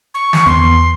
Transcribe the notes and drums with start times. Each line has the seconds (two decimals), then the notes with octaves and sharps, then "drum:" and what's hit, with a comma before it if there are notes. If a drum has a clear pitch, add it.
0.14 C#6
0.33 drum: snare
0.46 E2 B3 C6